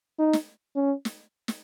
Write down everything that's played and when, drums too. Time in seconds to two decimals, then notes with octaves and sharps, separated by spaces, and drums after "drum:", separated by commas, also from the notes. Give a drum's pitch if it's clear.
0.19 D#4
0.33 drum: snare
0.76 C#4
1.05 drum: snare
1.48 drum: snare